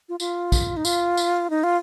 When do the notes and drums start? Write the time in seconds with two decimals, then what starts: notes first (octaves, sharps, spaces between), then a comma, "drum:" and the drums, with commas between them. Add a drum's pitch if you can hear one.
0.09 F4
0.20 F4, drum: tambourine
0.52 drum: kick, tambourine
0.77 D#4
0.85 F4, drum: tambourine
1.17 drum: tambourine
1.50 D#4
1.64 F4